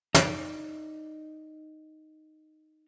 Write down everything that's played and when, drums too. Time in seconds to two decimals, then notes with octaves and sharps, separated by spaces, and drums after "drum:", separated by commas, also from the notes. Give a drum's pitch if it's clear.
0.15 D#4 D5, drum: snare